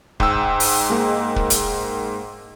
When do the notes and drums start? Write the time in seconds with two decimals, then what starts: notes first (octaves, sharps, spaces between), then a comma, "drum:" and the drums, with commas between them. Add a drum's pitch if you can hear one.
0.20 G#2 G5 E6, drum: kick
0.60 drum: open hi-hat
0.90 G#3 A#3
1.36 drum: kick
1.50 drum: hi-hat